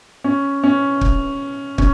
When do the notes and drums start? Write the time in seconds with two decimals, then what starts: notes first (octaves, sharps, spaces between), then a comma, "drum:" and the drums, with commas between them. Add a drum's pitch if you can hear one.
0.24 C#4
0.64 C#4
1.01 drum: kick
1.78 C#4, drum: kick